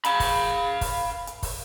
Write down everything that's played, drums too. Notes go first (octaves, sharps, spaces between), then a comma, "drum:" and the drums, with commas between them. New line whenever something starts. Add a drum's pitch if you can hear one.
F5 B5, drum: hi-hat
drum: kick, open hi-hat
drum: kick, open hi-hat
drum: hi-hat
drum: kick, open hi-hat